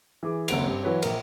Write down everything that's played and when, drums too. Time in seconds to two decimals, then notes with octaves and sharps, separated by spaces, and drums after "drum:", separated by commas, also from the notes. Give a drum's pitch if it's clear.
0.23 E3 G#4 D6
0.48 F#1 D#2 C4 F#5 D7 F7, drum: cymbal
0.64 G2 C4
0.83 E3 F#3 B4 C#5
1.02 A#1 A#4, drum: cymbal